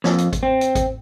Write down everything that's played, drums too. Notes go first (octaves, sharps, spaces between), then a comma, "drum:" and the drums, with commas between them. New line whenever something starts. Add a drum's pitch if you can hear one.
F2, drum: snare
drum: hi-hat
drum: kick G#1, hi-hat
C4
drum: hi-hat
drum: kick G#1, hi-hat